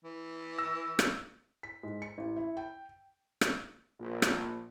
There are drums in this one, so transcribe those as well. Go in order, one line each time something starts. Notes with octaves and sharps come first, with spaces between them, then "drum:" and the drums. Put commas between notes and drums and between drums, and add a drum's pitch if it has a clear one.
E3
E6 A#6
drum: rim click
B6
G#2
C#7
A1
E4
G5
drum: rim click
A#1 A#2
drum: rim click